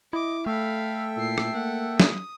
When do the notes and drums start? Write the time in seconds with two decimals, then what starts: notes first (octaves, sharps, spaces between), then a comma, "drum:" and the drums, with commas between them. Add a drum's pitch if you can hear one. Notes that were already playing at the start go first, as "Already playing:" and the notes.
0.13 E4 D#5 D6
0.46 A3 A4 E5 F5 G5 B5
1.16 A#2 E4 C7
1.38 drum: rim click
1.54 A#3 F#5
2.00 D#6, drum: snare